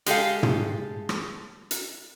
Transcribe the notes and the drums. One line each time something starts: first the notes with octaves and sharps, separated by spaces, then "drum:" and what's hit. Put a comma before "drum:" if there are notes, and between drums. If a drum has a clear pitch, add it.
G#3 G4 A4 F5, drum: hi-hat
drum: tom
drum: rim click
drum: hi-hat